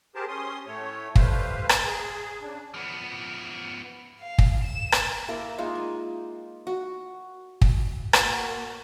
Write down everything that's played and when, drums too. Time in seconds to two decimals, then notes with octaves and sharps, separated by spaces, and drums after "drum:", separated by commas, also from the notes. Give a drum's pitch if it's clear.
0.15 G4 G#4 A#4 C5 A5
0.28 C#4 C6 D#6
0.67 A2 A3 C#5
1.16 G3 A3 B4 C5 F5, drum: kick
1.69 drum: rim click
1.85 G#4
2.42 C#3 D4
2.74 F3 B3
4.20 F5
4.38 drum: kick
4.64 E7
4.92 drum: rim click
5.28 A#3 E4 A#4
5.58 G#3 A#3 D#4 F4
5.75 G#5
6.67 F#4
7.61 drum: kick
8.13 A#3 F#4, drum: rim click